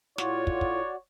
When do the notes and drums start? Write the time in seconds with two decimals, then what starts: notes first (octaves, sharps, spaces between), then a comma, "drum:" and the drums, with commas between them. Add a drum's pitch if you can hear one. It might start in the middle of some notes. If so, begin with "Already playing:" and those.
0.18 A2 F4 F#4 C#5 D5, drum: snare
0.47 drum: kick
0.61 drum: kick